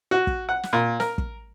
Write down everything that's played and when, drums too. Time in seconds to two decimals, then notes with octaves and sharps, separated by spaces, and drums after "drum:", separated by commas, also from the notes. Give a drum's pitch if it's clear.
0.11 F#4
0.27 drum: kick
0.49 F#5
0.63 drum: snare
0.73 A#2
1.00 A#4, drum: snare
1.18 drum: kick